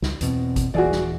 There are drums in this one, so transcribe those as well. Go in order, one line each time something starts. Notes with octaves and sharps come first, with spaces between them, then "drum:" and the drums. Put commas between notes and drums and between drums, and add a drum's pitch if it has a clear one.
C#2, drum: snare
E2 B2 C4, drum: hi-hat
drum: kick G#1, hi-hat
D#1 E3 F#4 G#4 D5
drum: snare